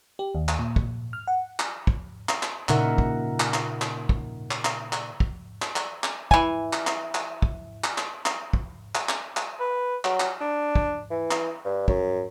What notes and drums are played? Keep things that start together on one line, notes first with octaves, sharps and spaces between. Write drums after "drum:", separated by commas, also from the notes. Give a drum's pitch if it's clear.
G4
D#2
drum: clap
A#2
drum: kick
F6
F#5
drum: clap
drum: kick
drum: clap
drum: clap
A#2 C#3 D#4 A#4 E5 F#5, drum: clap
drum: kick
drum: clap
drum: clap
drum: clap
drum: kick
drum: clap
drum: clap
drum: clap
drum: kick
drum: clap
drum: clap
drum: clap
E3 G#5, drum: kick
drum: clap
drum: clap
drum: clap
drum: kick
drum: clap
drum: clap
drum: clap
drum: kick
drum: clap
drum: clap
drum: clap
B4
F#3, drum: clap
drum: clap
D4
drum: kick
E3
drum: clap
G2
F#2, drum: kick